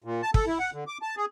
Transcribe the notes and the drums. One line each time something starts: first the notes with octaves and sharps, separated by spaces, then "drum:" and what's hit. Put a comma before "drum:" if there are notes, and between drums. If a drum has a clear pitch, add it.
A#2
A5
A4, drum: kick
E4
F#5
D3
D6
A5
G#4